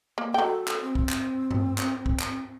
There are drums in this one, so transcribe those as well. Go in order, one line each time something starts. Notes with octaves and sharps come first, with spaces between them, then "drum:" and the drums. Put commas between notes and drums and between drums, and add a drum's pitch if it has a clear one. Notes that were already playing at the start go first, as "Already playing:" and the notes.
A#3
F#3 A4 G5
drum: clap
C4
drum: kick
drum: clap
drum: tom G2
drum: clap
drum: kick
drum: clap